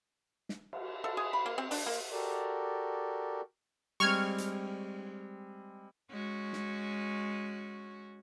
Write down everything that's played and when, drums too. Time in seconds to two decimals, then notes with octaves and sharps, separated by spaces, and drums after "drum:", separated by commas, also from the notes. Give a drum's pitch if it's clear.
0.49 drum: snare
0.73 drum: cymbal
1.04 A4, drum: cymbal
1.17 G#4
1.33 B5
1.46 A#3
1.58 C4
1.71 D4, drum: open hi-hat
1.86 A#3
2.12 F#4 G4 A4 A#4 D5
4.00 G3 G#3 C4 C#6 F6 G#6, drum: cymbal
4.38 drum: hi-hat
6.10 G#3 C#4 F#4
6.53 drum: snare